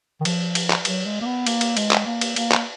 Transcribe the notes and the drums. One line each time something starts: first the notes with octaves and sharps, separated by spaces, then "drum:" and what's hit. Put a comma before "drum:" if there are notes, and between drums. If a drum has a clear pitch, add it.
D#3
F3, drum: cymbal
drum: cymbal
drum: clap
F#3, drum: cymbal
G#3
A#3
B3
A#3, drum: cymbal
drum: cymbal
G#3, drum: cymbal
drum: clap
A#3
drum: cymbal
A#3, drum: cymbal
drum: clap